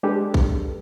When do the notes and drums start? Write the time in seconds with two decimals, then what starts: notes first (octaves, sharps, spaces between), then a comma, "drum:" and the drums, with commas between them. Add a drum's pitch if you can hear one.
0.03 G#3 D4 G4 A4 B4
0.34 drum: kick